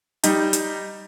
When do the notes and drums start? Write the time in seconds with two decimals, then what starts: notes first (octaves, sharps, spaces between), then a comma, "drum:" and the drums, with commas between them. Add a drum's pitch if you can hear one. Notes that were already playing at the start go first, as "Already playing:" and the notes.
0.23 G3 D#4, drum: hi-hat
0.53 drum: hi-hat